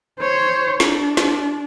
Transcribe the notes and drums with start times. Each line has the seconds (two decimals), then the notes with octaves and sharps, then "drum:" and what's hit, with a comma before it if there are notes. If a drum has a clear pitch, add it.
0.19 C5 C#5
0.80 D4, drum: snare
1.17 drum: snare